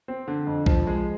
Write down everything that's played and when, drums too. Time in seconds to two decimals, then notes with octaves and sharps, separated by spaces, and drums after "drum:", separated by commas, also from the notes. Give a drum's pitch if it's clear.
0.08 C4
0.28 D3
0.47 F2
0.66 F3, drum: kick B1
0.87 G#3